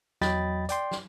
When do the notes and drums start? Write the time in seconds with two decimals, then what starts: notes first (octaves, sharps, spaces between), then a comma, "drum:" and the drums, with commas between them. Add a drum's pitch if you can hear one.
0.21 E2 F#3 D#5 G5 B5 A6, drum: snare
0.69 D5 G5 C6, drum: hi-hat
0.91 drum: snare